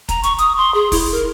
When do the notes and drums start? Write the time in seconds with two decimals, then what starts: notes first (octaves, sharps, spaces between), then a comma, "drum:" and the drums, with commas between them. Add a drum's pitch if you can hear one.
0.09 A#5, drum: kick, hi-hat
0.23 C#6, drum: hi-hat
0.38 D#6, drum: hi-hat
0.57 C6
0.74 G#4
0.92 E4, drum: kick, open hi-hat
1.12 A#4